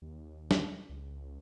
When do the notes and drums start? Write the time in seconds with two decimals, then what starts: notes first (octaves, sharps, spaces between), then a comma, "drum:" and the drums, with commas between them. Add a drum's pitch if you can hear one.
0.02 D#2
0.51 drum: snare
0.89 C#2